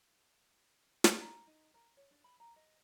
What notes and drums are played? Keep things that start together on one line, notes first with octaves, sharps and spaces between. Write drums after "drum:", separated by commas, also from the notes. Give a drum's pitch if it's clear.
drum: snare
A#5
D#4
A#4
C#5
D4
B5
A#5
D#5